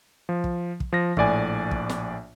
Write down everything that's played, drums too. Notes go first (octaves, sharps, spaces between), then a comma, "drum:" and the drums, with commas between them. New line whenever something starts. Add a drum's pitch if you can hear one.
F3
drum: kick
drum: kick
F3 A#6
A#1 A2 D5 G#5, drum: kick
drum: kick
drum: snare